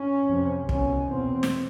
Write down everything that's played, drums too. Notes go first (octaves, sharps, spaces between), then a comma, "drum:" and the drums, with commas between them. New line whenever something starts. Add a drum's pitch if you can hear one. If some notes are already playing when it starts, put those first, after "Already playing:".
Already playing: C#4
F2 C3
C2 B2 C#4, drum: kick
E2 B2 C4
drum: snare